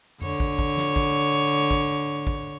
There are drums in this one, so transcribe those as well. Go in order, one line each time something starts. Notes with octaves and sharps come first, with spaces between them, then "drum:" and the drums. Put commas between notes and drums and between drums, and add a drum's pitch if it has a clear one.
D3 C#5, drum: tom F2
drum: kick
drum: kick
drum: snare
drum: kick
drum: kick
drum: kick